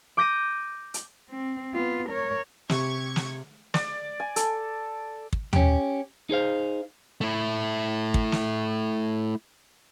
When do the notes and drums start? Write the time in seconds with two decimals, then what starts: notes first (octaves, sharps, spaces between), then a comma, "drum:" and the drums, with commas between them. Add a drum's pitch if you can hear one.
0.17 D6 G6 A#6 D#7
0.94 drum: hi-hat
1.31 C4
1.74 B3 F4
2.09 A#4 C#5
2.69 C3 G4 C#6 G#6, drum: snare
3.16 drum: snare
3.74 D5, drum: snare
4.20 G#5
4.36 A4, drum: hi-hat
5.33 drum: kick
5.53 C#4 G4, drum: tom
6.30 D#4 G#4 C5 F5
7.21 A3 E4
8.14 drum: kick
8.32 drum: snare